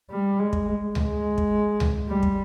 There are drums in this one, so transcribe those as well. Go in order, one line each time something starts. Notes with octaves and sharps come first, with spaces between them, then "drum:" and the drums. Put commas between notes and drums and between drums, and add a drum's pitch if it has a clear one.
G3
G#3
drum: kick
G#3, drum: tom C#2
drum: kick
drum: tom C#2
G3
drum: kick